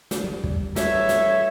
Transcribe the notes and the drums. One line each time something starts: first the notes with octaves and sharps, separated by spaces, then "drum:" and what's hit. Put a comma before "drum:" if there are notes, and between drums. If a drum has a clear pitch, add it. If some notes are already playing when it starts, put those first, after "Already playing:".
drum: snare
G3
drum: kick
A4 B4 C#5 E5, drum: snare
drum: snare